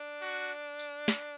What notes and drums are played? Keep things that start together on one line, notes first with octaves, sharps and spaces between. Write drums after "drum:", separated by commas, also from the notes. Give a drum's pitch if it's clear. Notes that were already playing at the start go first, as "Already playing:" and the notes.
Already playing: D4
F#4
drum: tambourine
drum: snare